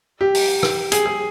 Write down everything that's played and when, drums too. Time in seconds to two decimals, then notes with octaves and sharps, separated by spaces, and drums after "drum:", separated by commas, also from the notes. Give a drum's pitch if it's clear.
0.21 G4
0.35 drum: open hi-hat
0.63 drum: rim click
0.92 G#4, drum: hi-hat
1.06 G#4